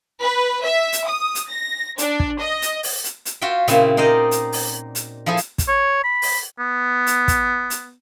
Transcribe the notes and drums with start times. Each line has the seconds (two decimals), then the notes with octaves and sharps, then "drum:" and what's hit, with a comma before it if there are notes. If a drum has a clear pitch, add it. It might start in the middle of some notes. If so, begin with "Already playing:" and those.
0.23 B4
0.64 E5
0.93 drum: hi-hat
1.07 D#6
1.35 drum: hi-hat
1.49 A#6
1.98 D4, drum: hi-hat
2.20 drum: kick
2.41 D#5
2.62 drum: hi-hat
2.83 drum: open hi-hat
3.04 drum: hi-hat
3.25 drum: hi-hat
3.41 F4 F#4 E5 G5
3.68 A#2 C#3 C4 E4, drum: hi-hat
3.97 D#4 A#4 C5 D5 D#5
4.31 drum: hi-hat
4.53 drum: open hi-hat
4.95 drum: hi-hat
5.26 F3 E4 G#4 A4
5.37 drum: hi-hat
5.58 drum: kick, hi-hat
5.68 C#5
6.04 B5
6.22 drum: open hi-hat
6.59 B3
7.07 drum: hi-hat
7.28 drum: kick, hi-hat
7.70 drum: hi-hat